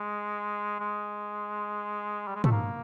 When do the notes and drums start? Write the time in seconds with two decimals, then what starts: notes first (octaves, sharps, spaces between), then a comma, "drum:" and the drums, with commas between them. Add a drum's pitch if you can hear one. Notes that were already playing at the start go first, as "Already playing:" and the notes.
Already playing: G#3
0.80 G#3
2.28 G3
2.35 G#3
2.44 A3, drum: tom
2.52 A#3